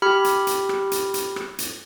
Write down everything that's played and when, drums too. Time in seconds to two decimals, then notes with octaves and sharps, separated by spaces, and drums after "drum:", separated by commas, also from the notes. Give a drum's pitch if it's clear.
0.02 G4 B5 F6
0.24 drum: hi-hat
0.47 drum: hi-hat
0.69 drum: rim click
0.91 drum: hi-hat
1.14 drum: hi-hat
1.36 drum: rim click
1.59 drum: hi-hat